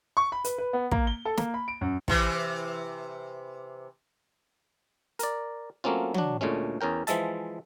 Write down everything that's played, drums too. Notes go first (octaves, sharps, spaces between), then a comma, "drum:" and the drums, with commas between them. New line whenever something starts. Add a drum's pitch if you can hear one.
C#6
B5
B4, drum: hi-hat
B4
B3
A#3, drum: kick
G7
A4
A#3, drum: snare
B5
D7
F#2
C3 E3, drum: kick
A#4 D5, drum: hi-hat
F#3 A3 A#3 C4 C#4 F4
F#3 D4, drum: tom
D2 A#2 G#3 A3 C#4
E2 C#4 A#4 G5
E3 F3 G#3 E5 A5, drum: hi-hat